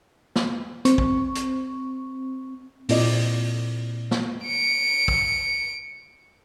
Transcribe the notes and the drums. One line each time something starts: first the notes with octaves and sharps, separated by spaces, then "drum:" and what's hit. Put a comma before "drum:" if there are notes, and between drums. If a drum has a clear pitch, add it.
drum: snare
C4 C#6, drum: hi-hat
drum: kick
drum: hi-hat
A#2 C4 E4 F4 D5 D#5, drum: open hi-hat
drum: snare
C#7 D7
drum: kick